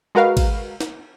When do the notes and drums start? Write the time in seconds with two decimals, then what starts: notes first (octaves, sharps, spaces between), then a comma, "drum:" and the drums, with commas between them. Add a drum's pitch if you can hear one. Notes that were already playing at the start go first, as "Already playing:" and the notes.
0.15 G#3 F#4 A#4 B4 F5
0.37 drum: kick, cymbal
0.81 drum: snare